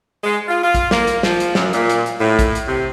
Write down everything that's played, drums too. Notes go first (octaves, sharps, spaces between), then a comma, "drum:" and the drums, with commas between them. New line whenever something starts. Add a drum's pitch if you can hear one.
G#3
F4
F4
drum: kick A#1, hi-hat
A#3, drum: snare
drum: hi-hat
F3, drum: snare
drum: hi-hat
F#2, drum: snare
A#2, drum: hi-hat
drum: hi-hat
drum: hi-hat
A2
drum: kick A#1, hi-hat
drum: hi-hat
C3